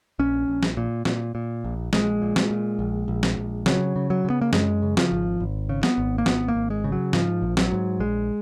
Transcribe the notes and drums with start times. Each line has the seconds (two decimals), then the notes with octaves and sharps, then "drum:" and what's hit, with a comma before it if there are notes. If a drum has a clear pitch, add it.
0.19 A#1 C#4
0.48 A#1
0.63 drum: snare
0.77 A#2
1.05 A#2, drum: snare
1.35 A#2
1.64 A#1
1.93 A#1 G#3, drum: snare
2.22 A#2
2.36 drum: snare
2.50 A#2
2.79 A#1
3.08 A#1
3.23 drum: snare
3.38 A#1
3.66 C#3 F#3, drum: snare
3.96 C#3
4.10 F#3
4.25 C#3
4.30 B3
4.41 A#3
4.53 F#2 G#3, drum: snare
4.82 C#3
4.97 F3, drum: snare
5.12 G#1
5.40 G#1
5.69 C#3
5.83 B3, drum: snare
5.98 G#1
6.18 A#3
6.26 G#1 B3, drum: snare
6.48 A#3
6.55 G#1
6.70 G#3
6.84 C#3
6.92 F#3
7.13 G#2 F3, drum: snare
7.42 A#1
7.57 F#3, drum: snare
7.71 G#2
8.00 A#1 G#3